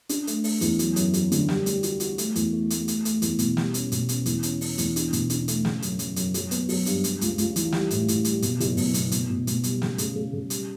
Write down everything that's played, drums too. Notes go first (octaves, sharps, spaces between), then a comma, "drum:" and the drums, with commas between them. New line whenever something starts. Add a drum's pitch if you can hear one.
D4, drum: hi-hat
A3, drum: hi-hat
A3, drum: open hi-hat
E2, drum: hi-hat
F#3, drum: hi-hat
F#2, drum: hi-hat
F#3, drum: hi-hat
D3, drum: hi-hat
G3, drum: snare
G3, drum: hi-hat
F#4, drum: hi-hat
F#4, drum: hi-hat
A3, drum: hi-hat
E2, drum: hi-hat
A3
A3, drum: hi-hat
A3, drum: hi-hat
A3, drum: hi-hat
E2, drum: hi-hat
B2, drum: hi-hat
G3, drum: snare
C#4, drum: hi-hat
B2, drum: hi-hat
C#4, drum: hi-hat
E2, drum: hi-hat
C#4, drum: hi-hat
C#4, drum: open hi-hat
E2, drum: hi-hat
D4, drum: hi-hat
B2, drum: hi-hat
D4, drum: hi-hat
A3, drum: hi-hat
C#3, drum: snare
F#2, drum: hi-hat
F#2, drum: hi-hat
F#2, drum: hi-hat
F#3, drum: hi-hat
B3, drum: hi-hat
F#3, drum: open hi-hat
G2, drum: hi-hat
G3, drum: hi-hat
C#2, drum: hi-hat
C#2, drum: hi-hat
E3, drum: hi-hat
G3, drum: snare
A2, drum: hi-hat
A2, drum: hi-hat
G3, drum: hi-hat
B2, drum: hi-hat
F#1, drum: hi-hat
B2, drum: open hi-hat
B2, drum: hi-hat
B2, drum: hi-hat
B2
B2, drum: hi-hat
G3, drum: hi-hat
C#3, drum: snare
C#3, drum: hi-hat
C#3
C#3
G3, drum: hi-hat